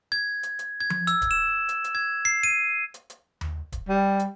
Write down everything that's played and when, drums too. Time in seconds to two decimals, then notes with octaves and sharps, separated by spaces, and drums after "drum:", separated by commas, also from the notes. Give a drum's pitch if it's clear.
0.12 G#6
0.43 drum: hi-hat
0.59 drum: hi-hat
0.80 G#6
0.90 drum: tom F3
1.07 E6, drum: hi-hat
1.22 drum: kick D1, hi-hat
1.31 E7
1.69 drum: hi-hat
1.84 drum: hi-hat
1.95 G#6
2.25 C7
2.43 D#7
2.94 drum: hi-hat
3.10 drum: hi-hat
3.41 drum: tom D#2
3.72 drum: kick D1, hi-hat
3.89 G3
4.19 drum: hi-hat